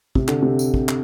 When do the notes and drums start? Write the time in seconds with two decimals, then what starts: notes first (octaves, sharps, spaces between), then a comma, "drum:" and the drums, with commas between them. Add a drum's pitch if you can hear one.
0.15 C3, drum: kick
0.28 D3, drum: clap
0.43 C3
0.59 drum: tambourine
0.74 drum: kick
0.89 drum: clap